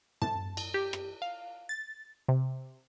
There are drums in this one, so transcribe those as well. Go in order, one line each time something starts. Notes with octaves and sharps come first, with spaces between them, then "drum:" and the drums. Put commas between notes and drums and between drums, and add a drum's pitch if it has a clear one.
A5, drum: tom
drum: cymbal
G4
drum: rim click
F5
A6
C3